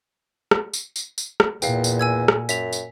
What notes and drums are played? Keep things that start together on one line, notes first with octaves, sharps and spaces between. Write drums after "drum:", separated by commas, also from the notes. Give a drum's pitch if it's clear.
drum: rim click
drum: tambourine
drum: tambourine
drum: tambourine
drum: rim click
E2 A#2 F5 G5, drum: tambourine
drum: tambourine
G#5 E6 G#6
drum: rim click
F#2 B6 F7, drum: tambourine
drum: tambourine